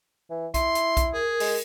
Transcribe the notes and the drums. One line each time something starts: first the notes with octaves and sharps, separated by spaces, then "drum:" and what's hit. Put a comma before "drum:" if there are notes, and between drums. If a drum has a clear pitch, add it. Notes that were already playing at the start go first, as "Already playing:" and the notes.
E3
E4 C6, drum: kick B1, hi-hat
drum: hi-hat
drum: kick B1, hi-hat
G#4 A#4
G#3, drum: open hi-hat